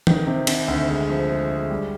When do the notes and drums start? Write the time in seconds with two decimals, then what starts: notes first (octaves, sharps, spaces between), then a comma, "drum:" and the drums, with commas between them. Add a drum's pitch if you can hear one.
0.07 D#3, drum: tom
0.27 C3
0.47 C3, drum: cymbal
0.68 D2
0.88 G#3
1.10 F3
1.29 G#3
1.49 G#3
1.70 G3